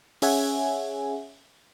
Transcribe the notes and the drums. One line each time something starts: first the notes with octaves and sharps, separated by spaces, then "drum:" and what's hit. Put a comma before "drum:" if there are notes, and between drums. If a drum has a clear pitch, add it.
C#4 G#4 C#5 E5 F#5 G#5, drum: open hi-hat